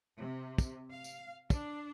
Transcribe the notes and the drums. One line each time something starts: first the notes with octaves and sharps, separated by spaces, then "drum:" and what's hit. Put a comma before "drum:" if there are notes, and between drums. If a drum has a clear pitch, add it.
C3
drum: kick, tambourine
F5
drum: tambourine
D4, drum: kick, tambourine